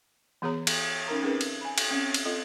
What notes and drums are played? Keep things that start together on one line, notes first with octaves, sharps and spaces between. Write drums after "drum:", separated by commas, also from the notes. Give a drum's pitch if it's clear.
E3 B3 G#4 C#5 A#5
drum: cymbal
C#4 D#4 A#4 A#5
C4 C#4 D#4 G#4 A#4 B4
drum: cymbal
G#5 B5
drum: cymbal
C4 C#4
drum: cymbal
C4 F4 A4 D#5